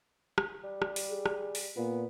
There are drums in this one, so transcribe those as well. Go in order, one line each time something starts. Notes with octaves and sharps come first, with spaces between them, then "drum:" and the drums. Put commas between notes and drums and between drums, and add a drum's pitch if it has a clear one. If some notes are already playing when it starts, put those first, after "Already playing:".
drum: rim click
G3
drum: rim click
drum: open hi-hat
G#4
drum: rim click
drum: open hi-hat
A#2 B3